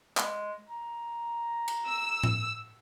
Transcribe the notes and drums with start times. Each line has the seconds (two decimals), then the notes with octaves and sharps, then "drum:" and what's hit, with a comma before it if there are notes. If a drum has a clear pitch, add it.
0.17 G#3, drum: clap
0.68 A#5
1.68 drum: cymbal
1.87 E6
2.23 drum: tom A2